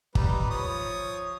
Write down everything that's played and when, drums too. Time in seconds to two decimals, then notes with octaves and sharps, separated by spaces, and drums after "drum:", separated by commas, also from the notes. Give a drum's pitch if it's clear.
0.15 G3 D#4 B4, drum: kick
0.50 F3 C#5 D#6